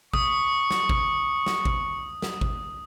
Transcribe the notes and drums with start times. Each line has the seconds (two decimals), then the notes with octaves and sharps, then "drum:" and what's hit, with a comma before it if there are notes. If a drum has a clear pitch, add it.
0.14 C#6 D#6, drum: kick G#1
0.70 drum: snare
0.89 drum: kick G#1
1.46 drum: snare
1.65 drum: kick G#1
2.22 drum: snare
2.41 drum: kick G#1